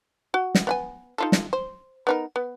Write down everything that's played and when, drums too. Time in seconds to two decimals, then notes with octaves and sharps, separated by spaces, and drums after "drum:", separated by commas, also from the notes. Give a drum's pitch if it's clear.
0.34 F#4
0.55 drum: snare
0.67 B3 F#5 G#5
1.18 D#4 F4 A4
1.32 drum: snare
1.53 C5
2.07 B3 D#4 A#4
2.36 B3